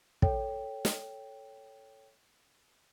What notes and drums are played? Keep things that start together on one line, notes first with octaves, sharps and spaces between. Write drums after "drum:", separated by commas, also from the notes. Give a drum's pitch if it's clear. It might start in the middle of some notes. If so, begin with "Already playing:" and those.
A4 C#5 G5, drum: kick
drum: snare